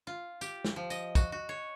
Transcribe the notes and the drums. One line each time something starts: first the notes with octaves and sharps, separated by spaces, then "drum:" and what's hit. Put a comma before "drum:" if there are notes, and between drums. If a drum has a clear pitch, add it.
F4
G4, drum: tambourine
drum: snare
F3
D#5, drum: tambourine
F#4, drum: kick, tambourine
F#4
C#5